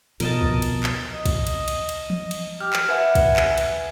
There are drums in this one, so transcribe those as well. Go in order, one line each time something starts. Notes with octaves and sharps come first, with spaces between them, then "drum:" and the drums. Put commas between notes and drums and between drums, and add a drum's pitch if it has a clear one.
B2 F3 A#4 D#5 A5, drum: cymbal
drum: kick
drum: cymbal
drum: clap
D#5
drum: kick, cymbal
drum: cymbal
drum: cymbal
drum: cymbal
drum: tom E3
drum: cymbal
G4 F6
drum: clap
B4 E5 F#5 G#5
drum: kick, cymbal
drum: clap
drum: cymbal